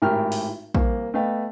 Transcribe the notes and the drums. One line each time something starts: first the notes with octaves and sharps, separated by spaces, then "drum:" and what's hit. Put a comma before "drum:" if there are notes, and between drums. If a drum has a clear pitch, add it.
G#1 A2 G4 A#4 G5 F6
drum: open hi-hat
C2 A#3, drum: kick A#1
A3 B3 D#5 F5 G5